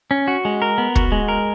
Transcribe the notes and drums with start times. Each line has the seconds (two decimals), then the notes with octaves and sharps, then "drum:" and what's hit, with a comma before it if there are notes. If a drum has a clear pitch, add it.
0.11 C#4
0.28 F#4
0.45 G#3
0.62 A#4
0.78 B3
0.96 F#4, drum: kick
1.12 G#3
1.28 A#4